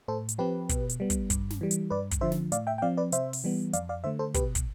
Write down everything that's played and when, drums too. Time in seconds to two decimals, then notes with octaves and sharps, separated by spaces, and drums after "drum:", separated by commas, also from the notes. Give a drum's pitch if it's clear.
0.08 A2 A4 C5
0.29 drum: hi-hat
0.38 F3 C4 G4 B4
0.69 B2, drum: kick, hi-hat
0.89 drum: hi-hat
1.00 G3 B3
1.10 drum: kick, hi-hat
1.30 G2, drum: kick, hi-hat
1.50 drum: snare
1.61 E3 G3
1.71 drum: hi-hat
1.90 G2 B4 D5
2.11 drum: kick, hi-hat
2.21 D3 F3 C5 E5
2.32 drum: snare
2.52 A2 D5 F5, drum: hi-hat
2.67 E5 G5
2.78 G5
2.82 F3 C4 D5 F5
2.97 B4 D5
3.12 C3 C5 E5, drum: hi-hat
3.33 drum: open hi-hat
3.44 E3 G3 B3
3.73 F2 D5 F5, drum: hi-hat
3.89 D5 F5
4.04 D3 A3 C5 E5
4.19 A4 C5
4.34 B2 G4 B4, drum: kick, hi-hat
4.55 drum: kick, hi-hat